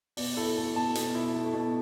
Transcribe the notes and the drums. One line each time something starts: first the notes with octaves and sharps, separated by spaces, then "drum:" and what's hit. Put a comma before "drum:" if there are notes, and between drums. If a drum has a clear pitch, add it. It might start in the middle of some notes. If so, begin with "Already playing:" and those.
B2 D5, drum: open hi-hat
E4 A4
A3 A4
B2 A5
B2, drum: hi-hat
E4
A3
B2